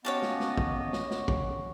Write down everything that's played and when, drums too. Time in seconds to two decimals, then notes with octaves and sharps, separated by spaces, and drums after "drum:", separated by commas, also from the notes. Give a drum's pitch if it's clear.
0.05 B3 C#4 F#4 G4 C#5 D#5 F5 A5
0.22 drum: snare
0.40 drum: snare
0.57 drum: kick
0.93 drum: snare
1.10 drum: snare
1.28 drum: kick